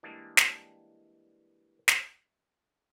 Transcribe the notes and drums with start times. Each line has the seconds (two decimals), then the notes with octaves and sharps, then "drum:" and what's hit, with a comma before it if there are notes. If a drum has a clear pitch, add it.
0.03 E3 G3 G#3 A#3 D4
0.37 drum: snare
1.88 drum: snare